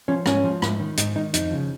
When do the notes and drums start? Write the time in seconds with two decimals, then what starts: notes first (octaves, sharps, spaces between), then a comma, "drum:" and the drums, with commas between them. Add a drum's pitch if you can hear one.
0.08 F3 C#4
0.26 G#2 C#4, drum: rim click
0.44 F3
0.62 G#2, drum: rim click
0.80 D#3
0.97 G#2 D#4, drum: hi-hat
1.16 D#3 D#4
1.34 F2 D#4, drum: hi-hat
1.51 C#3 F3